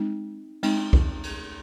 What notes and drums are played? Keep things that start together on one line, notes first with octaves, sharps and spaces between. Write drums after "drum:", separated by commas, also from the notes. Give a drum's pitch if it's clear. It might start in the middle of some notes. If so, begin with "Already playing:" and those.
Already playing: G#3 C4 D#4
G#3 C4 D#4, drum: cymbal
drum: kick
drum: cymbal